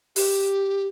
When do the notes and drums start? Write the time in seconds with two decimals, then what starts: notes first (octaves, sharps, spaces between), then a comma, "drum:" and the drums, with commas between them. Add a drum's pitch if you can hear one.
0.16 G4, drum: open hi-hat